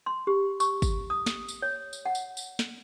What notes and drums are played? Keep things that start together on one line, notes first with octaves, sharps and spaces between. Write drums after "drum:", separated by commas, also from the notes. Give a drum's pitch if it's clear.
C6
G4
C#6, drum: tambourine
drum: kick, tambourine
D#6
drum: snare
drum: tambourine
C#5
drum: tambourine
F#5
drum: tambourine
drum: tambourine
drum: snare